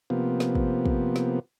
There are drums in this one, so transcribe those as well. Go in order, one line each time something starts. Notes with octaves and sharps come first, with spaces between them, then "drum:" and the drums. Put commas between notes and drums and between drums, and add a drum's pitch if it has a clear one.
C3 F3 A#3 B3
drum: snare
drum: kick
drum: kick
drum: snare